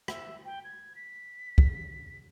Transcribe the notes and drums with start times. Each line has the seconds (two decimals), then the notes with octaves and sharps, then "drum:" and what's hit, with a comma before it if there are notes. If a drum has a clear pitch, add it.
0.08 E5, drum: rim click
0.45 G5
0.64 G#6
0.96 B6
1.58 drum: kick